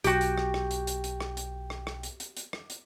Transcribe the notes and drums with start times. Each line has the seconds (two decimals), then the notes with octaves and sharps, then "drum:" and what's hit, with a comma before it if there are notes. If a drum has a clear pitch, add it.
0.04 B1 F#4 G4 G5, drum: hi-hat
0.21 drum: hi-hat
0.38 drum: rim click
0.54 drum: rim click
0.71 drum: hi-hat
0.87 drum: hi-hat
1.04 drum: hi-hat
1.20 drum: rim click
1.37 drum: hi-hat
1.70 drum: rim click
1.87 drum: rim click
2.03 drum: hi-hat
2.20 drum: hi-hat
2.37 drum: hi-hat
2.53 drum: rim click
2.70 drum: hi-hat